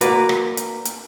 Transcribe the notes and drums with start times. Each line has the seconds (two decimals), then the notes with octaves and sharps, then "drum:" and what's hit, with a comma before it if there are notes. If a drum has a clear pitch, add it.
0.01 A#3 F#4 B4 D5, drum: hi-hat
0.29 drum: rim click
0.57 drum: hi-hat
0.85 drum: hi-hat